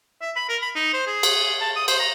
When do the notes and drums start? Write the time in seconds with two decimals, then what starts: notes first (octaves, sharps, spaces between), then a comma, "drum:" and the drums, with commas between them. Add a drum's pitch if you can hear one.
0.21 E5
0.36 B5
0.49 A#4
0.62 B5
0.75 D#4
0.94 C5
1.07 G#4
1.23 drum: cymbal
1.61 A5
1.76 D#6
1.88 C5, drum: cymbal
2.00 A#5